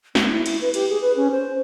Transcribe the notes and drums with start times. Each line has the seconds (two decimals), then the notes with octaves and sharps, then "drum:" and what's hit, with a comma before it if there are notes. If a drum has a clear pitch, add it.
0.15 B3, drum: snare
0.28 E4
0.46 E4, drum: cymbal
0.61 B4
0.74 G4, drum: cymbal
0.89 G#4
1.01 B4
1.16 C#4
1.31 C5